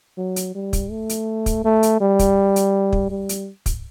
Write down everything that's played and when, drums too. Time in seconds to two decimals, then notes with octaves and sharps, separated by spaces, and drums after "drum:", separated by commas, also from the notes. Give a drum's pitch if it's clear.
0.18 F#3
0.36 drum: hi-hat
0.55 G3
0.73 drum: kick, hi-hat
0.91 A3
1.09 drum: hi-hat
1.46 drum: kick, hi-hat
1.65 A3
1.83 drum: hi-hat
2.01 G3
2.19 drum: kick, hi-hat
2.56 drum: hi-hat
2.93 drum: kick
3.11 G3
3.29 drum: hi-hat
3.66 drum: kick, hi-hat